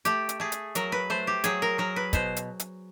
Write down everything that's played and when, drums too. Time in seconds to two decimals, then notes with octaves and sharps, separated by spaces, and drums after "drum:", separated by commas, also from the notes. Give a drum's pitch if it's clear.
0.05 A3 G4, drum: hi-hat
0.29 drum: hi-hat
0.40 A3 G#4
0.52 drum: hi-hat
0.75 F#3 A#4, drum: hi-hat
0.92 B4
1.10 A3 C5
1.27 G4
1.44 F#3 G#4, drum: hi-hat
1.62 A#4
1.78 F#3 A#4
1.96 B4
2.13 B2 C5, drum: kick, hi-hat
2.36 drum: hi-hat
2.60 drum: hi-hat